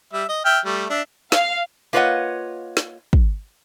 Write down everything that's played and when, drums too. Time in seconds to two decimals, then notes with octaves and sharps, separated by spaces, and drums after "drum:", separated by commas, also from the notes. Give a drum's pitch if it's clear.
0.13 G3 E5
0.29 D#5
0.45 E5 G5 F6
0.65 G3 A3
0.90 D4 E5
1.32 F5, drum: snare
1.93 A#3 F4 B4 C#5 D#5 F#5
2.77 drum: snare
3.13 drum: kick